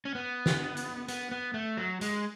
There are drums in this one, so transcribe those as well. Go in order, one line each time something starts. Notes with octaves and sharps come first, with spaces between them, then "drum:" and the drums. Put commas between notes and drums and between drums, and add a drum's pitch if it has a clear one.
C#4
B3
drum: snare
drum: hi-hat
B3, drum: hi-hat
B3
A3
F#3
G#3, drum: hi-hat